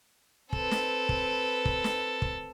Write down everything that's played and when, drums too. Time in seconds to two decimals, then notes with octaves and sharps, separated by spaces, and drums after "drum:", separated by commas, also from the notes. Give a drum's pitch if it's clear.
0.53 C4 A4 B4, drum: kick
0.71 drum: snare
1.09 drum: kick
1.65 drum: kick
1.84 drum: snare
2.22 drum: kick